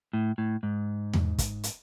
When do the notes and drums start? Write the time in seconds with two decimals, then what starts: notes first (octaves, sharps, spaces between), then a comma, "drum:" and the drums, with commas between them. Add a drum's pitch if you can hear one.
0.13 A2
0.38 A2
0.63 G#2
1.13 drum: tom E2
1.38 drum: kick, hi-hat
1.63 drum: hi-hat